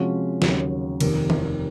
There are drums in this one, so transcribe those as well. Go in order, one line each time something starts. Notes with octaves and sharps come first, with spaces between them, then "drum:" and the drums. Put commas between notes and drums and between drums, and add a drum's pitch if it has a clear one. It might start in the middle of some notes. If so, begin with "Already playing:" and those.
Already playing: C3 F3 G#3 C#4 F#4
D#2 C#3 F#3, drum: snare
F1 D#2 D#3, drum: cymbal
drum: tom D#3